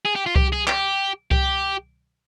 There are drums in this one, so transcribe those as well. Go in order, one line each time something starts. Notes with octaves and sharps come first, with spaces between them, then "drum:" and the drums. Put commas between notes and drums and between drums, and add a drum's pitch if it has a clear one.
G#4
G4
F4
G4, drum: kick C2
G#4
G4, drum: clap
G4, drum: kick C2